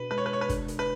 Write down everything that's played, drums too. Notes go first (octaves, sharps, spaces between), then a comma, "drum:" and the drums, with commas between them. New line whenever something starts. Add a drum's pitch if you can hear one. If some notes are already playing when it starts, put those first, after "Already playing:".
Already playing: B2 D4 F#4 B4
G#3 B4
C#5
B4
C#5
B4
D4, drum: kick, hi-hat
drum: hi-hat
B4